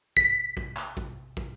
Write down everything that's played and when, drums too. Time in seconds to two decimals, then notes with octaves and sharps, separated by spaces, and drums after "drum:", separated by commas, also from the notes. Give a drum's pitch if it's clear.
0.17 B6, drum: kick
0.57 drum: kick
0.77 drum: clap
0.97 drum: kick
1.37 drum: kick